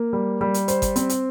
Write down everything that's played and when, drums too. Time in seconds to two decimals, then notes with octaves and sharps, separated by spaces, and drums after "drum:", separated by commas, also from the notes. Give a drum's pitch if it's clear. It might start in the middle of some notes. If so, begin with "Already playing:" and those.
Already playing: A#3
0.13 G3
0.41 G3
0.54 drum: hi-hat
0.68 C5, drum: hi-hat
0.82 drum: kick G1, hi-hat
0.96 C4, drum: hi-hat
1.09 drum: hi-hat